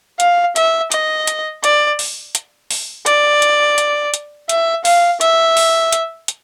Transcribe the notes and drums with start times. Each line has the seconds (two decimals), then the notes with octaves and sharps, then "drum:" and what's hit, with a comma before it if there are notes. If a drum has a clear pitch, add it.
0.20 F5, drum: hi-hat
0.56 E5, drum: hi-hat
0.92 D#5, drum: hi-hat
1.27 drum: hi-hat
1.64 D5, drum: hi-hat
1.99 drum: open hi-hat
2.35 drum: hi-hat
2.71 drum: open hi-hat
3.06 D5, drum: hi-hat
3.42 drum: hi-hat
3.78 drum: hi-hat
4.14 drum: hi-hat
4.49 E5, drum: hi-hat
4.85 F5, drum: open hi-hat
5.21 E5, drum: hi-hat
5.57 drum: open hi-hat
5.92 drum: hi-hat
6.28 drum: hi-hat